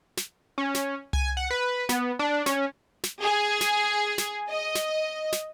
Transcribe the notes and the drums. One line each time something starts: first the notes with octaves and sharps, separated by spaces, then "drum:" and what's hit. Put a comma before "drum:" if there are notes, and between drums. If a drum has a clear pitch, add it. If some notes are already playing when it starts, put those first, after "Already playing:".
drum: snare
C#4
drum: snare
G#5, drum: tom C2
F#5
B4
B3, drum: snare
D4
C#4, drum: snare
drum: snare
G#4
drum: snare
drum: snare
D#5
drum: snare
drum: snare